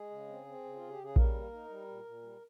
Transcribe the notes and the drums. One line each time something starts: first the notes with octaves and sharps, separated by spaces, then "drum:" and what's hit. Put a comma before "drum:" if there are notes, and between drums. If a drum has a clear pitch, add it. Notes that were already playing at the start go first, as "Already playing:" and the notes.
Already playing: G#3 G#4
C#3
C4
C4
C#3
F4
C#3
G4
C#3 G#4
G3 A#3 A#4, drum: kick A#1
A#3
D#4
G3
A#2
A#2
G3